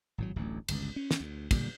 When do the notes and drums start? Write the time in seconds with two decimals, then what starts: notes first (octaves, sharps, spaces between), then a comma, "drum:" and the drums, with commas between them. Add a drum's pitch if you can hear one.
0.18 G#1 A2 F#3
0.36 D1 A1 D2
0.68 G1 C#2, drum: cymbal
0.96 C#4
1.11 drum: snare
1.20 D2
1.51 E1 A#2 D3 G3, drum: kick, cymbal